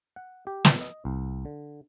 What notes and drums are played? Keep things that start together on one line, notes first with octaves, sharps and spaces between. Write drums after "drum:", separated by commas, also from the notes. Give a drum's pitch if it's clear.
F#5
G4
A#2, drum: snare
D#5
C2
D3